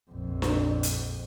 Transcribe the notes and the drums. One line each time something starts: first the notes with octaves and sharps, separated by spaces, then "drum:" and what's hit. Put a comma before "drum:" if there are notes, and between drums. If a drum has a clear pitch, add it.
A#1 F2
drum: snare D4
drum: hi-hat